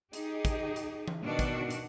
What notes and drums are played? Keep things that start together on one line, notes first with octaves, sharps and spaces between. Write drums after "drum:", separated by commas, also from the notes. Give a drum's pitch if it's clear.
D#4 G4 G#4, drum: hi-hat
drum: kick, hi-hat
drum: hi-hat
drum: tom E3
B2 D#3 D4 F#4
drum: kick, hi-hat
drum: hi-hat